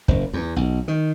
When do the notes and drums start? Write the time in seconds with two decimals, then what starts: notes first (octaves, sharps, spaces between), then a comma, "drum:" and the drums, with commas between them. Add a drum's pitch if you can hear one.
0.08 F#1, drum: kick
0.33 E2
0.56 B1
0.88 D#3